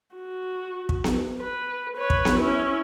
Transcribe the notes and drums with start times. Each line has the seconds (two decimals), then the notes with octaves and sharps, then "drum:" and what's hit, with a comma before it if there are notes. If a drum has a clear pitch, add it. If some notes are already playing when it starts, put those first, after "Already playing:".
0.15 F#4
0.89 drum: kick
1.04 drum: snare B3
1.40 B4
1.97 B4 C#5
2.10 drum: kick
2.25 drum: snare B3
2.40 C#4 E4